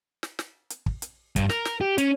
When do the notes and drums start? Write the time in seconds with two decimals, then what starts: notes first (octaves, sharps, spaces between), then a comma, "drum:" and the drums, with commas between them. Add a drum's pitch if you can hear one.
0.23 drum: snare
0.39 drum: snare
0.70 drum: hi-hat
0.86 drum: kick
1.02 drum: hi-hat
1.36 G2, drum: kick, hi-hat
1.50 A#4, drum: snare
1.65 drum: snare
1.81 G4
1.98 C#4, drum: hi-hat